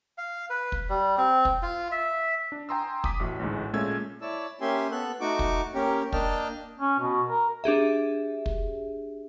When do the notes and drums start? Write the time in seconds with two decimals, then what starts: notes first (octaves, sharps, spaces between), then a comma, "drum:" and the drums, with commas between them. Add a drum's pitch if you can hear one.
0.18 F5
0.50 B4
0.72 drum: kick
0.89 G3
1.18 C4
1.45 drum: kick
1.63 F4
1.91 E5
2.52 D4
2.69 G5 G#5 A#5 C6 D#6 E6
3.04 D6 D#6 B6, drum: kick
3.20 A1 A3 F#4
3.39 A1 D2 G#2
3.73 A#2 G#3 A3 C#4 E6 G#6
4.21 E4 C#5 D5 A5 E6
4.61 A#3 C#4 G4 E5 G#5 C6
4.92 B3 A4 F#6
5.21 A3 D#4 F#4 C#6 D6
5.39 drum: kick
5.74 A#3 C#4 G4 A#4
6.12 A#3 D4 D#5 G5 A5 F6, drum: kick
6.80 C#4
7.00 B2
7.29 A#4
7.64 D4 G4 G#4 E5
8.46 drum: kick